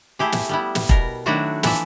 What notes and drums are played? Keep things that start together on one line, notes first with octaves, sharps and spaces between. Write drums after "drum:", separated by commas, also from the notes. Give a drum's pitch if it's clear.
A3 E4 G4 G#4
drum: snare
G3 B3 E4
drum: snare
B2 A#4, drum: kick E1
D#3 F#3 A3 D4 E4 F#4
E3 F3 D5 E5, drum: snare